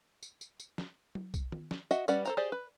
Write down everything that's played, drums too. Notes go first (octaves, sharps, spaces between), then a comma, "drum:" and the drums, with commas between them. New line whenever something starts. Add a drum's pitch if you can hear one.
drum: tambourine
drum: tambourine
drum: tambourine
drum: snare
drum: tom F#3
drum: kick B1, tambourine
drum: tom D#3
drum: snare
F#4 D#5 E5 F#5, drum: tambourine
G3 C#4 B4 D5 F#5, drum: tambourine
A4 C5 A#5, drum: tambourine
G4 G#4 C5 D5
B4